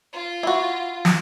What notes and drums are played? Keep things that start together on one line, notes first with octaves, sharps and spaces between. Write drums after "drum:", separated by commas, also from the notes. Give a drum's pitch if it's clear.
F4
E4 F#4
drum: snare